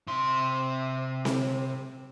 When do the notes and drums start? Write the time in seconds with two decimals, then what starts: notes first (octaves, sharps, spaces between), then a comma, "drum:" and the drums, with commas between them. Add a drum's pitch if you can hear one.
0.07 C3 C6
1.25 drum: snare C4